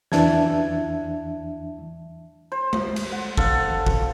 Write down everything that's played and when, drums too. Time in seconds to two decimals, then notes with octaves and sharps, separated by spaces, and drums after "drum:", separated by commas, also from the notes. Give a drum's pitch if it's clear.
0.12 E2 E3 D4 E5 A5 G#6, drum: snare
2.52 C5
2.73 drum: tom G#3
2.96 drum: cymbal
3.12 F#5
3.37 A4 F5 F#5, drum: kick F#1
3.87 drum: kick F#1